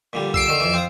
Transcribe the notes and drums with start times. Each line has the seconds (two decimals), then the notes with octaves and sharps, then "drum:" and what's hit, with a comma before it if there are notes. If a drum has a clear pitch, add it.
0.13 A#2 D3 G3
0.34 E6 C7 D7, drum: kick
0.48 D3 D#3
0.60 F2 E3
0.74 C4 F4 D#6